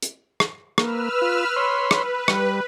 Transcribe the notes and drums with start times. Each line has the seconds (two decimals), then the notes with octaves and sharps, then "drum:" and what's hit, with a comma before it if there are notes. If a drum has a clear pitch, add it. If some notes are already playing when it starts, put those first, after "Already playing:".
0.03 drum: hi-hat
0.40 drum: rim click
0.78 A#3 B4 E6 F6, drum: rim click
1.22 F4
1.56 C#5 B5 C6
1.91 B4, drum: rim click
2.28 G3, drum: rim click